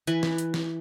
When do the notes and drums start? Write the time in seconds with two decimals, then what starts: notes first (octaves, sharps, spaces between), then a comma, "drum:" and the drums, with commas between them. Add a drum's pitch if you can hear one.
0.07 E3 B4 G#5, drum: hi-hat
0.23 drum: snare
0.38 drum: hi-hat
0.54 drum: snare